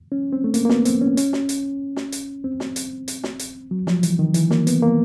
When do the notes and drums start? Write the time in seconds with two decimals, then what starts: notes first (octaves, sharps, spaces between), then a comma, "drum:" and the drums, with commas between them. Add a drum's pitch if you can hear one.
0.12 C#4
0.33 C4
0.44 A3
0.54 A#3, drum: hi-hat
0.65 A#3
0.70 B3, drum: snare
0.85 C4, drum: hi-hat
1.01 C#4
1.17 C#4, drum: hi-hat
1.33 drum: snare
1.49 drum: hi-hat
1.96 drum: snare
2.12 drum: hi-hat
2.44 C4
2.60 drum: snare
2.76 drum: hi-hat
3.08 drum: hi-hat
3.24 drum: snare
3.39 drum: hi-hat
3.71 F#3
3.87 F3, drum: snare
4.03 E3, drum: hi-hat
4.19 D#3
4.34 E3, drum: hi-hat
4.51 A#3, drum: snare
4.67 B3, drum: hi-hat
4.82 A#3